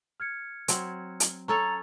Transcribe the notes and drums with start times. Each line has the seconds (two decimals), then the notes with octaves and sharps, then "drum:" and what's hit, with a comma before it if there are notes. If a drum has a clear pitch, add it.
0.20 F6 G#6 C#7
0.68 F#3 C4, drum: hi-hat
1.20 drum: hi-hat
1.48 C#4 A4 C#5 A#5 A6 F7